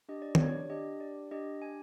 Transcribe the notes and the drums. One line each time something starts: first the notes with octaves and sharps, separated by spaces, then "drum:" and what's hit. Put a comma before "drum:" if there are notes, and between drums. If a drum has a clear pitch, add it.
D4 G4 D#5
D5
C#5, drum: tom D#3
D5
D4 G4 D#5
D5
D4 G4 D#5
G#5